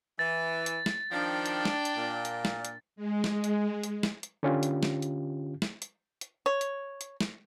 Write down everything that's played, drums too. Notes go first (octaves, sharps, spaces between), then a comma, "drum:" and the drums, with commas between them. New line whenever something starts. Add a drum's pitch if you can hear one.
E3 A6
drum: hi-hat
drum: snare
D#3 F3 D4 G5
drum: hi-hat
drum: snare
drum: hi-hat
A#2
drum: hi-hat
drum: snare
drum: hi-hat
G#3
drum: snare
drum: hi-hat
drum: hi-hat
drum: snare
drum: hi-hat
D3 C#4 F4 G4
drum: hi-hat
drum: snare
drum: hi-hat
drum: snare
drum: hi-hat
drum: hi-hat
C#5
drum: hi-hat
drum: hi-hat
drum: snare